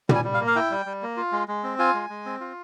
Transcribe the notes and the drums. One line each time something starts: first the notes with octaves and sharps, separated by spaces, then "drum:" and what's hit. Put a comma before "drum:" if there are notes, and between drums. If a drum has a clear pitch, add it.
G3, drum: tom
G#5
G3
F5
A#3
F5
E4 G5
G3
G3
A#3
F4
G#3
G#3
C4
F4 G#5
G#3
G#3
C4
F4